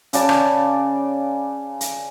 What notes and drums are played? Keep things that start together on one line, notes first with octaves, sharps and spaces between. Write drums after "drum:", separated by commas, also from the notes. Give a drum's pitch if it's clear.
C#3 D5 A5, drum: hi-hat
drum: rim click
drum: hi-hat